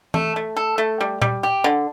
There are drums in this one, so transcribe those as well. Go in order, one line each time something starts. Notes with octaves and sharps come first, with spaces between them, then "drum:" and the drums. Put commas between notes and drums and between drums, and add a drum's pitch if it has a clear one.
A3, drum: tom E3
A3
A4
A3
G3
G3, drum: tom A#2
G4
D3